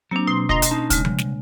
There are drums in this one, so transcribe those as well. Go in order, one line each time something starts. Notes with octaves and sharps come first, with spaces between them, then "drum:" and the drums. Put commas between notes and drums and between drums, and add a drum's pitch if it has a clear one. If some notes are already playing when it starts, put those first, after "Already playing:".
F#3 A#3 C4 D4
B2 C6
D3 F4 D#5 A#5 C6, drum: kick
drum: hi-hat
C#4 D#4 A5
C#3 G#3, drum: kick, hi-hat
C2, drum: tom F3
drum: snare